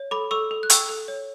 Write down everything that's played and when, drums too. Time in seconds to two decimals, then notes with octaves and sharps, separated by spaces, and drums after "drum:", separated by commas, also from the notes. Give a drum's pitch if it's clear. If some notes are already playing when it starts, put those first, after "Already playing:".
Already playing: C#5
0.11 A4 B5 D6
0.31 A4 C#6 E6
0.51 A4
0.63 F#6
0.70 G5 C#6 E6, drum: hi-hat
0.89 A4
1.08 C#5